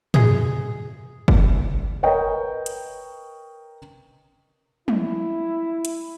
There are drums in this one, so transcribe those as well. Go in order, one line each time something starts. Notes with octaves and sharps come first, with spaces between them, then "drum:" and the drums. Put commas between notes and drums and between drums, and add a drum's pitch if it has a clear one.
G#4, drum: tom
drum: kick
A#4 B4 C#5 D#5 G5
drum: hi-hat
E4, drum: tom
drum: hi-hat